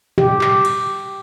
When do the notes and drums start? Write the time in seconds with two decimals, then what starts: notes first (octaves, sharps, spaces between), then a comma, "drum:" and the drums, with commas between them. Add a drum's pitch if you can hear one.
0.18 G4, drum: tom
0.41 drum: clap
0.65 drum: cymbal